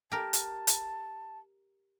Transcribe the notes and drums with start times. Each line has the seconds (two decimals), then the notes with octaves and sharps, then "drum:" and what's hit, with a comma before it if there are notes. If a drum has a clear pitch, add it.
0.12 G4 A#4 A5
0.33 drum: hi-hat
0.67 drum: hi-hat